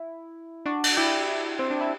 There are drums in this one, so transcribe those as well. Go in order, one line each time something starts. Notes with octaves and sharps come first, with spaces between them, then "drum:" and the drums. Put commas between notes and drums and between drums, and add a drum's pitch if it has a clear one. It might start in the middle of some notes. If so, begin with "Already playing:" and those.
Already playing: E4
D4 F#4
drum: cymbal
E4 G4
C4
D4
E4